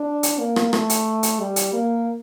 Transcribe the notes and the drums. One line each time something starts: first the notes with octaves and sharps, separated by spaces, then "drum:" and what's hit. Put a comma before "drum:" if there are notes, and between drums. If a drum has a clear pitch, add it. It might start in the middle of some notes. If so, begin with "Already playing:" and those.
Already playing: D4
drum: hi-hat
A#3
drum: rim click
A3, drum: rim click
drum: hi-hat
drum: hi-hat
G3
drum: hi-hat
A#3